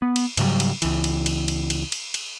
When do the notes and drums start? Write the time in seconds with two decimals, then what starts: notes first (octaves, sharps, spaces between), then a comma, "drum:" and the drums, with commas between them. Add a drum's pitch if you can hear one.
0.02 B3
0.16 drum: cymbal
0.37 G#2 C#3 F#3 G3, drum: cymbal
0.60 drum: cymbal
0.82 C#2 E3, drum: cymbal
1.04 drum: cymbal
1.26 drum: cymbal
1.48 drum: cymbal
1.70 drum: cymbal
1.92 drum: cymbal
2.14 drum: cymbal